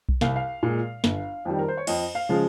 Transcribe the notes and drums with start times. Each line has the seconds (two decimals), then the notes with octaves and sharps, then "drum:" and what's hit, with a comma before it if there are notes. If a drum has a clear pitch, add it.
0.09 drum: kick B1
0.21 C2 F5, drum: snare
0.36 F5
0.63 A#2 G#3
1.04 G1, drum: snare
1.45 F2 D#3 G3
1.59 A#4
1.68 C5
1.77 C#5
1.87 F2 D#5, drum: cymbal
2.15 F5
2.29 C#3 F3 G#3